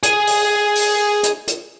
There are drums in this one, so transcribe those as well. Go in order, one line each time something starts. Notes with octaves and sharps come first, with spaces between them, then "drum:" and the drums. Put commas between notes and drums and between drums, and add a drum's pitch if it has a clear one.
G#4 G#5, drum: hi-hat
drum: open hi-hat
drum: open hi-hat
drum: hi-hat
drum: hi-hat